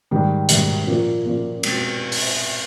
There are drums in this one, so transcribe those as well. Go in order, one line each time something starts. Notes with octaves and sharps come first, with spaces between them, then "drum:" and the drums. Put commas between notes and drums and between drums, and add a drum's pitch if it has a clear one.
G#2 D#3 G3
G#2 D#3 G3, drum: hi-hat
A#2 F3 A#3
A#2 F3 A#3
B2 G#3 C4, drum: cymbal
drum: open hi-hat